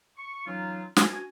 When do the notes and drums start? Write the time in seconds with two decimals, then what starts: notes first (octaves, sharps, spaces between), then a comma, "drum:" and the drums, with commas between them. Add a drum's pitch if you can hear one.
0.16 C#6
0.46 E3 F#3 C#4 D#4 F4
0.96 C#4 D4 F#4 G#5, drum: snare